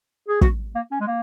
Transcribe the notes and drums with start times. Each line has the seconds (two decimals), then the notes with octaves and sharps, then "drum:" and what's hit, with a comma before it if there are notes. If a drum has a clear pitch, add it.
0.29 G#4
0.41 F#4, drum: kick
0.75 A#3
0.91 C#4
1.00 G#3
1.07 A#3